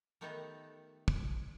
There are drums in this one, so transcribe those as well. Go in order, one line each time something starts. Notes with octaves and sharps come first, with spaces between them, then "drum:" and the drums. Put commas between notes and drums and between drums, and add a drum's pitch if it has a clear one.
D#3 A3 B3 D#4 G4 A4
drum: kick